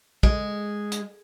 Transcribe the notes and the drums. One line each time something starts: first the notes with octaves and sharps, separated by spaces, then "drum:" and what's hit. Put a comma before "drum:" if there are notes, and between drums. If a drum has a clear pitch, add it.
G#3, drum: kick
drum: hi-hat